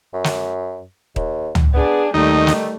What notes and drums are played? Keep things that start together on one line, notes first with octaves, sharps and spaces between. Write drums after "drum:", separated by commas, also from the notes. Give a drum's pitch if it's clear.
F#2
drum: snare
D#2, drum: kick D#1
drum: tom
B3 D4 G#4
D#2 D#3 G3 A3 D#4
drum: snare